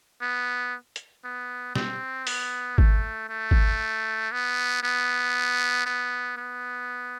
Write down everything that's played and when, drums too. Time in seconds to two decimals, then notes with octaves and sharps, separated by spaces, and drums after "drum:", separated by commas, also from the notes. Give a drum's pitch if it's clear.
0.22 B3
0.96 drum: hi-hat
1.25 B3
1.75 C4, drum: snare
2.27 B3, drum: open hi-hat
2.78 A3, drum: kick G#1
3.29 A3
3.51 drum: kick G#1
4.32 B3
4.83 B3
5.86 B3
6.37 B3